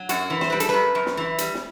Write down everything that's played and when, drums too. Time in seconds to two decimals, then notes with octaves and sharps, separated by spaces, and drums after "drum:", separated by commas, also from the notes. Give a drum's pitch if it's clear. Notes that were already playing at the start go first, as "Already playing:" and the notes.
Already playing: F#3
0.09 F#2 F#4, drum: hi-hat
0.30 E3
0.41 C5, drum: snare
0.50 G3 B4
0.60 A4, drum: hi-hat
0.69 F#2 B4
0.95 F#2
1.06 drum: snare
1.17 E3
1.38 G3, drum: hi-hat
1.55 drum: snare